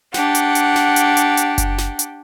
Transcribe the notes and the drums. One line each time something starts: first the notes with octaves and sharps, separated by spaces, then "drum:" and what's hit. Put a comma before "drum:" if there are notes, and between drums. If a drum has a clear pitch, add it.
D4 G4 F#5, drum: snare
drum: hi-hat
drum: hi-hat
drum: snare
drum: hi-hat
drum: hi-hat
drum: hi-hat
drum: kick F#1, hi-hat
drum: snare
drum: hi-hat